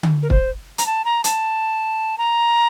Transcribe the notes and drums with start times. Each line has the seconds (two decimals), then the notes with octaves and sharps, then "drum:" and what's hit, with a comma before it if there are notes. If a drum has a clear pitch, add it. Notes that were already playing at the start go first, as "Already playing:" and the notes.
0.03 drum: tom D3
0.22 A#4
0.30 C5, drum: kick
0.78 A#5, drum: hi-hat
0.86 A5
1.05 A#5
1.24 A5, drum: hi-hat
2.18 A#5